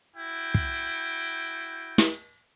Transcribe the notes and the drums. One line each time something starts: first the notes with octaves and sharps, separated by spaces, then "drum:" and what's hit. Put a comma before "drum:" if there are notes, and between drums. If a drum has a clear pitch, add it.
E4 F#4 G5
drum: kick
drum: snare